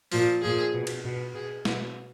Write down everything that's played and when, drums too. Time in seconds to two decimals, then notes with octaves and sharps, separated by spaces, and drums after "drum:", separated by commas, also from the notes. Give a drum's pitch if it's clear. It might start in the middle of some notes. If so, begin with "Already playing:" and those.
0.12 A#2 F3, drum: open hi-hat
0.42 A#2 F3 G#4
0.73 B2
0.87 drum: cymbal
1.04 B2
1.34 B2 G#4
1.65 B2, drum: snare